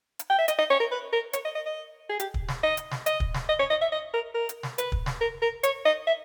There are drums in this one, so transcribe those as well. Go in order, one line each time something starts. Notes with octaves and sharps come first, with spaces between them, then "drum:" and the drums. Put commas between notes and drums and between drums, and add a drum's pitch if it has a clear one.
drum: hi-hat
G5
E5
D#5, drum: hi-hat
D#5
C#5
A#4
B4
A#4
C#5, drum: hi-hat
D#5
D#5
D#5
G#4
G4, drum: hi-hat
drum: kick
drum: snare
D#5
drum: hi-hat
drum: snare
D#5, drum: hi-hat
drum: kick
drum: snare
D#5
C#5
D#5
E5
D#5
A#4
A#4
drum: hi-hat
drum: snare
B4, drum: hi-hat
drum: kick
drum: snare
A#4
A#4
C#5, drum: hi-hat
D#5
E5